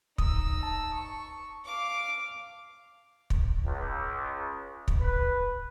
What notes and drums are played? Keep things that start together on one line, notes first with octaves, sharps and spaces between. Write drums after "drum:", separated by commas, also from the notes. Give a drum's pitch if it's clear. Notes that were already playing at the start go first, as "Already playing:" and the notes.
D#4 D#6 E6, drum: kick
A5
C#6
F5 D6
drum: kick
C#2
drum: kick
B4